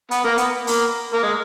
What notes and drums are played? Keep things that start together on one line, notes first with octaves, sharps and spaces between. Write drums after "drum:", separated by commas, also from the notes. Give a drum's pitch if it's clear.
B3, drum: hi-hat
A#3
B3, drum: hi-hat
A#3, drum: open hi-hat
A#3
G#3